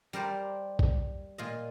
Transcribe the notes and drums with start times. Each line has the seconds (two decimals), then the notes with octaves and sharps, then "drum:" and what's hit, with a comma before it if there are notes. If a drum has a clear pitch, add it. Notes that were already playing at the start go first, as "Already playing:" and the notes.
0.13 G3 A#4 C5 D5
0.79 drum: kick
1.38 A#2 F4 D#5